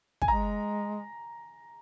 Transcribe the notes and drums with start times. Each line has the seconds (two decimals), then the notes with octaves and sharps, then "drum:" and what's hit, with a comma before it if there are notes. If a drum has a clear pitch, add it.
0.22 G#5, drum: kick
0.28 G#3 A#5